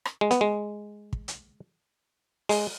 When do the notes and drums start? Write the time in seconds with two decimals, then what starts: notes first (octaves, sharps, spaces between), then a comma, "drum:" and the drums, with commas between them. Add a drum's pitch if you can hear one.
0.05 drum: rim click
0.21 G#3
0.31 B3, drum: hi-hat
0.41 G#3
1.13 drum: kick
1.28 drum: hi-hat
2.49 G#3, drum: open hi-hat